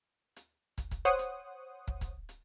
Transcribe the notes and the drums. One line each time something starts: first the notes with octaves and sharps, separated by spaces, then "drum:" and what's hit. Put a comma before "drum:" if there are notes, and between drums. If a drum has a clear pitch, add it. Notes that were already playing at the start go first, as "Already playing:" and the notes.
drum: hi-hat
drum: kick, hi-hat
drum: kick, hi-hat
C5 C#5 F#5 D#6
drum: hi-hat
drum: kick
drum: kick, hi-hat
drum: hi-hat